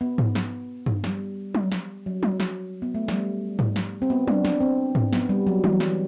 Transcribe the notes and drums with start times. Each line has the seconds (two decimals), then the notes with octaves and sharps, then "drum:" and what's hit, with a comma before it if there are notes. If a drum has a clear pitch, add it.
0.01 B3
0.18 drum: tom G#2
0.35 drum: snare
0.86 drum: tom G2
1.04 G3, drum: snare
1.55 drum: tom F#3
1.72 drum: snare
2.06 F#3
2.23 drum: tom F#3
2.40 drum: snare
2.82 B3
2.94 A3
3.08 G3, drum: snare
3.59 drum: tom G#2
3.76 drum: snare
4.02 C4
4.10 B3
4.28 D4, drum: tom F#3
4.45 D4, drum: snare
4.60 C4
4.95 drum: tom G#2
5.13 B3, drum: snare
5.29 G3
5.47 F#3
5.64 E3, drum: tom F#3
5.80 drum: snare